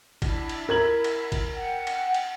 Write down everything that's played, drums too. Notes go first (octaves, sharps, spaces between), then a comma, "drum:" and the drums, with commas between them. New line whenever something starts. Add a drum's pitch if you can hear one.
D4 E4, drum: kick, cymbal
drum: cymbal
E4 A#4 G#6 F#7
drum: cymbal
drum: kick, cymbal
F#5 G5
drum: cymbal
drum: cymbal